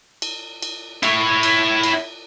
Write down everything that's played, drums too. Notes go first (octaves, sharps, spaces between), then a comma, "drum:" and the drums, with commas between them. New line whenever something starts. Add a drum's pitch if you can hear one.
drum: cymbal
drum: cymbal
E4 C#5, drum: cymbal
drum: cymbal
drum: cymbal